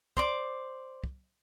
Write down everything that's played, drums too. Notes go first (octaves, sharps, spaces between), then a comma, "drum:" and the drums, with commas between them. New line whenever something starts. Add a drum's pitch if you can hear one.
C5 D5 D6, drum: kick
drum: kick